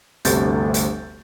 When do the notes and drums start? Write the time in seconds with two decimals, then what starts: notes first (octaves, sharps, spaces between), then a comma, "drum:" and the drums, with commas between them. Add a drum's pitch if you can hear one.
0.25 G1 D2 C3 A3 G6 A6, drum: hi-hat
0.74 drum: hi-hat